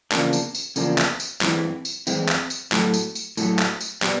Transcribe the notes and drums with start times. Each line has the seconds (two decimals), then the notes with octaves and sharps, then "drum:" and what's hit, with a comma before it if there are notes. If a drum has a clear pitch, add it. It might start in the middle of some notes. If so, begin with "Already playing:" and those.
0.12 E2 C#3 F3 A#3 D4, drum: clap
0.33 drum: tambourine
0.55 drum: tambourine
0.76 E2 C#3 F3 A#3 D4, drum: tambourine
0.98 drum: clap
1.20 drum: tambourine
1.41 G2 E3 G#3 C4 E4, drum: clap
1.85 drum: tambourine
2.07 G2 E3 G#3 C4 E4, drum: tambourine
2.28 drum: clap
2.50 drum: tambourine
2.72 A2 F#3 A3, drum: clap
2.94 drum: tambourine
3.15 drum: tambourine
3.37 A2 F#3 A3, drum: tambourine
3.59 drum: clap
3.81 drum: tambourine
4.02 B2 G3, drum: clap